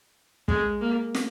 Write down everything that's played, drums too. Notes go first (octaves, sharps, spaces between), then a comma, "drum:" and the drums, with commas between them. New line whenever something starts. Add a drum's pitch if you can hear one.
G#3, drum: kick
A#3
drum: snare